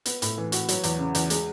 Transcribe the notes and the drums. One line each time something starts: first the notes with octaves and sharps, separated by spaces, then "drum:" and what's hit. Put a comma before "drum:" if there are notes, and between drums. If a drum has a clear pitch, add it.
B3, drum: hi-hat
A2, drum: hi-hat
E3
F#4, drum: hi-hat
F#3, drum: hi-hat
E2, drum: hi-hat
C#3
E2, drum: hi-hat
G#3, drum: hi-hat